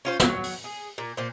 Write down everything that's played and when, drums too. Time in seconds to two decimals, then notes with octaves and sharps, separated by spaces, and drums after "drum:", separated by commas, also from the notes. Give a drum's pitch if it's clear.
0.05 C#4 F4 C5
0.20 F#3, drum: snare
0.44 drum: open hi-hat
0.64 G#4
0.98 A#2
1.17 A#2 C5